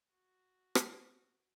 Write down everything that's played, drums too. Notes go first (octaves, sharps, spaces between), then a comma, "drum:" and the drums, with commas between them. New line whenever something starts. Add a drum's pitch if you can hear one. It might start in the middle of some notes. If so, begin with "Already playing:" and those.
F#4
drum: rim click